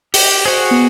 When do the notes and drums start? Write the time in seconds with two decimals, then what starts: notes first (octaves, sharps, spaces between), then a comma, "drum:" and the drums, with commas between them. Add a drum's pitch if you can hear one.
0.14 G4, drum: open hi-hat
0.45 F#4 G#4 C5
0.71 B3